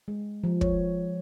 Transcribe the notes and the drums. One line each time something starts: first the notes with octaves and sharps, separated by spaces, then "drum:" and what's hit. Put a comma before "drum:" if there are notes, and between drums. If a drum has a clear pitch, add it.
G#3
F3
C#5, drum: kick